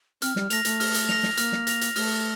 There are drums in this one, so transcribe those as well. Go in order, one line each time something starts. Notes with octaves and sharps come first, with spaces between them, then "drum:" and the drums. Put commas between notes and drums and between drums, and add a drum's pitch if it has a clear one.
C4 F6, drum: hi-hat
G3, drum: snare
A3 A#6 F7, drum: hi-hat
A3, drum: hi-hat
F6, drum: open hi-hat
drum: hi-hat
A#6 F7, drum: snare
drum: snare
A#3 F6, drum: hi-hat
drum: snare
A#6 F7, drum: hi-hat
drum: hi-hat
A3 F6, drum: open hi-hat